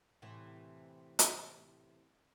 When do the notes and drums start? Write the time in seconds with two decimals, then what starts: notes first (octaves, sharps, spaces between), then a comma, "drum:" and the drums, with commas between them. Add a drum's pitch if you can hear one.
0.22 A2 C3 E3
1.19 drum: hi-hat